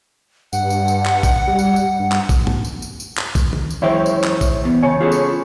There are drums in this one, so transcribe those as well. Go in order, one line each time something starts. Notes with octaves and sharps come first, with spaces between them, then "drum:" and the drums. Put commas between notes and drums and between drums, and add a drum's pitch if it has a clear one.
G2 F#5, drum: tambourine
drum: tambourine
drum: tambourine
drum: clap
drum: kick A#1, tambourine
G3
drum: tambourine
drum: tambourine
G2
drum: clap
drum: kick A#1, tambourine
drum: tom G#2
drum: tambourine
drum: tambourine
drum: tambourine
drum: clap
drum: kick A#1, tambourine
drum: tom D#3
drum: tambourine
F#2 E3 G#3 E4 C5 C#5 E5 G5
drum: tambourine
drum: clap
drum: kick A#1, tambourine
E3 B3
C#3 C#5 G5 G#5 A6 C#7
B3 C#4 F4 G#4 A4
drum: tambourine